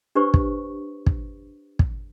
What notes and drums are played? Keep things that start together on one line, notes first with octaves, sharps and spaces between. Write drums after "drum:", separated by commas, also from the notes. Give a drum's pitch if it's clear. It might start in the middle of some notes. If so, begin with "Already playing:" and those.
D4 G4 B4 C5 C#6
drum: kick
drum: kick
drum: kick